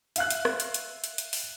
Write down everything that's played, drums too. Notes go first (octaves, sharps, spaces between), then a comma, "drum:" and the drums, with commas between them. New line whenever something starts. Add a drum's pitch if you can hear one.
E5 F5 F#6, drum: hi-hat
drum: hi-hat
drum: rim click
drum: hi-hat
drum: hi-hat
drum: hi-hat
drum: hi-hat
drum: open hi-hat